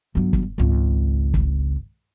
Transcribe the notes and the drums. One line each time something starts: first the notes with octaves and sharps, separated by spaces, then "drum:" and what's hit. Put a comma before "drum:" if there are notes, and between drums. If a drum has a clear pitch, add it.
G1 F#3
drum: kick
G#1 C#2
drum: kick